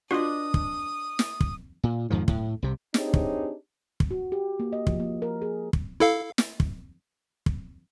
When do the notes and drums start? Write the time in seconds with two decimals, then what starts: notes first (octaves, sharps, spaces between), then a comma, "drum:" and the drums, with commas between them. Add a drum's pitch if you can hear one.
0.11 D4 F4 F#4 B4 D#5 D#6
0.54 drum: kick
1.19 drum: snare
1.40 drum: kick
1.84 A#2
2.10 F2 G#2 D#3 F3
2.28 A2, drum: kick
2.62 C2 C3
2.94 C4 D4 D#4 G4 G#4 C#5, drum: snare
3.14 drum: kick
4.00 drum: kick
4.11 F#4
4.32 G4
4.60 A#3
4.73 D#5
4.87 F3, drum: kick
5.00 A#3
5.22 A#4
5.42 G#4
5.73 drum: kick
6.00 E4 A4 F5
6.38 drum: snare
6.60 drum: kick
7.46 drum: kick